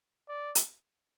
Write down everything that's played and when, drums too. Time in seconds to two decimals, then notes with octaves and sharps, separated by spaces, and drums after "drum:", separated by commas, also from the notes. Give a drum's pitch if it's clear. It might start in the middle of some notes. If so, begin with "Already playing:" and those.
0.29 D5
0.55 drum: hi-hat